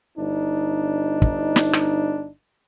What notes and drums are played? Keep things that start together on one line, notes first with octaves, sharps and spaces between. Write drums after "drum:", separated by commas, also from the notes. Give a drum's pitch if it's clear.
G1 D4 D#4
drum: kick
drum: snare
drum: rim click